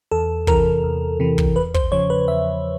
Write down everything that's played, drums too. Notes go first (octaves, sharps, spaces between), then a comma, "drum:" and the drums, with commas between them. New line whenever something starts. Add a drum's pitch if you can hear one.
E2 A4
C3 E3 A#4, drum: kick
E2
C3 E3
drum: kick
E2 B4
C5, drum: kick
C#3 F3 C#5
B4
E2 E5